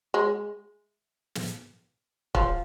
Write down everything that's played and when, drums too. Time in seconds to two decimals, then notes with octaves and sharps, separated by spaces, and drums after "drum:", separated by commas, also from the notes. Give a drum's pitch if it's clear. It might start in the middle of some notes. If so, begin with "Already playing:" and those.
0.14 G#3
1.35 drum: snare
2.35 F3, drum: kick